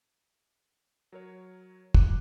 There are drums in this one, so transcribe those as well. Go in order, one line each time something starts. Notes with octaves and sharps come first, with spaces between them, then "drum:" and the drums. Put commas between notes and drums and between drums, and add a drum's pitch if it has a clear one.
F#3 A#4 C#5
A#5 D6 F#6, drum: kick